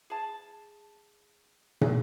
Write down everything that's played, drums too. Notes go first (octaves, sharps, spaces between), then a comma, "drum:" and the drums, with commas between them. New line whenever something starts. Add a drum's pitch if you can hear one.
G#4 A5
drum: tom